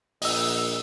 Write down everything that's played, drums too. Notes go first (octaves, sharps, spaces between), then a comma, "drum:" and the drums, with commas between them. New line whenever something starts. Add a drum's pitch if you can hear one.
A#1 D#5 E6, drum: open hi-hat